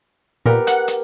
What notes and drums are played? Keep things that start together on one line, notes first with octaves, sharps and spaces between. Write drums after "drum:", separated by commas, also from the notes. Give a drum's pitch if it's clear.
A#2 B3 G4 A#4
F#5, drum: hi-hat
drum: hi-hat